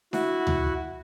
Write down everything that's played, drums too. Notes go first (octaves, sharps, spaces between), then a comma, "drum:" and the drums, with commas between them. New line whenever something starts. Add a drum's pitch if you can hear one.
E4 F#4, drum: snare D4
drum: tom D2